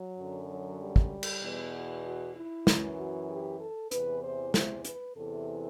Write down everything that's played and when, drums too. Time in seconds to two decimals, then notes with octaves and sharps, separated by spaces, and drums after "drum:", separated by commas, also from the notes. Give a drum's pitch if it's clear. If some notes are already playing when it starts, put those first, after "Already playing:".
Already playing: F#3
0.18 F#2 D3
0.49 F#3
0.80 G3
0.96 drum: kick
1.23 drum: cymbal
1.42 E2 B2
1.73 F#4
2.05 F#4
2.35 E4
2.67 F#2 E3, drum: snare
2.98 F#4
3.29 G4
3.60 A4
3.91 E2 C3 E3 B4, drum: hi-hat
4.23 C5
4.54 C5, drum: snare
4.85 B4, drum: hi-hat
5.16 E2 C3 E3 A4